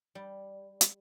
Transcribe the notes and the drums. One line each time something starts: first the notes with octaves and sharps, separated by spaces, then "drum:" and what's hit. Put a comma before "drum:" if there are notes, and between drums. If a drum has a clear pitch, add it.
G3
drum: hi-hat